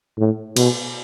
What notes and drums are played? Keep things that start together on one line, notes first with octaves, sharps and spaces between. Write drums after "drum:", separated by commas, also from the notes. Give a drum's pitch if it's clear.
A2
B2, drum: cymbal